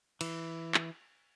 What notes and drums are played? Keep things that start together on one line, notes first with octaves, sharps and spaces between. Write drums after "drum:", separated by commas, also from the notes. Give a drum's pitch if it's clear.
E3, drum: cymbal
drum: clap